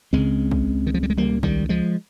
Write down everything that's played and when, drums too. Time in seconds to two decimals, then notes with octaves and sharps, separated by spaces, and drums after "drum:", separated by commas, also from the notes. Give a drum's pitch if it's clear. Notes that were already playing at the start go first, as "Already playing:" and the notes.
0.13 C#2 C#3 G#3 C4
0.51 drum: kick
0.87 D#3
0.94 F3
1.03 G3
1.10 G#3
1.17 G3 A#3, drum: tom
1.43 D#3 G3, drum: kick
1.69 F3 G#3